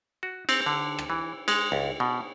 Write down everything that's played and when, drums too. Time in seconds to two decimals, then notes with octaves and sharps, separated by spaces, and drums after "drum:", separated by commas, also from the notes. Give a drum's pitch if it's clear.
0.23 F#4
0.49 C4, drum: cymbal
0.66 D3
0.99 drum: rim click
1.10 E3
1.48 G#3, drum: cymbal
1.72 C#2
2.00 B2